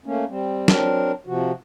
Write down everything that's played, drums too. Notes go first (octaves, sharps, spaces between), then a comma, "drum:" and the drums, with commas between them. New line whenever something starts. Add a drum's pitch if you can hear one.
A3 A#3 C#4
G3 C4
F#3 C4 D4 A#4, drum: snare
C3 F3 F#4